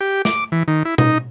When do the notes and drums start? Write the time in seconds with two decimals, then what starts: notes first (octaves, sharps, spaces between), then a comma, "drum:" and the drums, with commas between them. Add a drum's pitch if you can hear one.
0.01 G4
0.25 D6, drum: snare
0.52 E3
0.68 D#3
0.85 E4
0.98 D#4, drum: tom B2